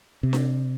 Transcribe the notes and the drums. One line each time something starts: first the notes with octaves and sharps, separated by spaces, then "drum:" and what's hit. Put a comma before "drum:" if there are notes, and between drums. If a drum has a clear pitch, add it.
C3
drum: snare D4